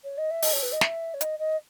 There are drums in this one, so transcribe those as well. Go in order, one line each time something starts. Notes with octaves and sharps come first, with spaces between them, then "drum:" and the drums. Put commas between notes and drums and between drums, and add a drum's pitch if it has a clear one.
C#5
D#5
E5
D#5, drum: open hi-hat
C#5
B4
D#5
E5, drum: snare
C#5
D#5, drum: hi-hat
D#5